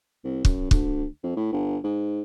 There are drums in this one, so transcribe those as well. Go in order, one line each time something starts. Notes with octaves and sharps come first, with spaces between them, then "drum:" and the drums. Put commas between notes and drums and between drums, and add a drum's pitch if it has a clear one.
C2
F#2, drum: kick
D2, drum: kick
F2
A2
G1
G#2